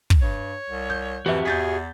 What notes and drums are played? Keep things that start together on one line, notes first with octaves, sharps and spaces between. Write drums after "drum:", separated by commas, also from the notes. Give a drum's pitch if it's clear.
drum: kick
G2 C#5
C2
G6
F2 E3 F#4 G4 E5
E2 G#4 G6 A6 B6